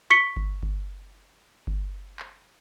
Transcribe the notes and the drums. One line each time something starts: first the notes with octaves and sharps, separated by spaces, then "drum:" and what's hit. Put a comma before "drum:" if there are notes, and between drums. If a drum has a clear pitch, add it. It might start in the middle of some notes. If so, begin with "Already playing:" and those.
C#6 B6 C#7 G7
drum: kick G1
drum: kick G1
drum: kick G1
drum: clap